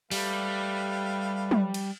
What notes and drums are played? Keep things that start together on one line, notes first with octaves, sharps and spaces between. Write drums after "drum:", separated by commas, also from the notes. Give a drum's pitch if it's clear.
G3 A3 B4 F5, drum: open hi-hat
drum: tom
drum: cymbal